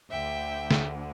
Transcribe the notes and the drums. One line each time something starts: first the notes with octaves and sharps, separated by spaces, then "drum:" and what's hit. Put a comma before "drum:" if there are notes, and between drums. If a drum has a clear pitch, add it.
D2 D3 E5 G5
drum: snare